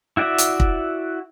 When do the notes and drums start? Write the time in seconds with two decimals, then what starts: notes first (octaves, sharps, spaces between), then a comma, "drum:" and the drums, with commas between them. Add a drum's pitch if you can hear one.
0.17 E4 F#4 D5 E5 F#5
0.38 drum: hi-hat
0.60 drum: kick